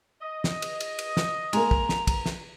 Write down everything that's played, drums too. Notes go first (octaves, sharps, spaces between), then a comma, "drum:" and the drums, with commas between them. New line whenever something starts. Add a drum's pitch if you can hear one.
D#5
drum: snare
drum: cymbal
drum: cymbal
drum: cymbal
drum: snare
G#3 A#3 A#5, drum: cymbal
drum: kick
drum: snare
drum: kick, cymbal
drum: snare